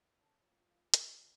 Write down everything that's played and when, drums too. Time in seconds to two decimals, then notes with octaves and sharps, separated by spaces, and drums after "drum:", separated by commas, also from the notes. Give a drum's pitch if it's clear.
0.22 C#5 A5
0.40 F4
0.46 F5
0.58 F4
0.70 F5
0.76 F4
0.94 F4 G5, drum: hi-hat
1.12 C#5